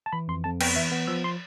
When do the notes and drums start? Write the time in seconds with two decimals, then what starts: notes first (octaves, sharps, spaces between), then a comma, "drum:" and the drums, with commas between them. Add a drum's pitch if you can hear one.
0.06 A5
0.13 E3 B5
0.28 F2 C6
0.44 F2 A5
0.61 B3 G5, drum: cymbal
0.76 E3 E5
0.91 B3
1.07 F3 E6
1.24 C6